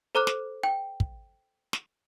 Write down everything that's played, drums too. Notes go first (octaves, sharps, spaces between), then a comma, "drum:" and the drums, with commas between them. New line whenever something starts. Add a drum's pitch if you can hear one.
A4 C5 A#5 D6 F6 F#6
drum: snare
G5
drum: kick
drum: snare